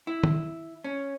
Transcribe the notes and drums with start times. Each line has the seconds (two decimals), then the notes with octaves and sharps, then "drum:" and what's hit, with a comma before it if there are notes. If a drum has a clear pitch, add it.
0.07 E4
0.23 drum: tom
0.84 C#4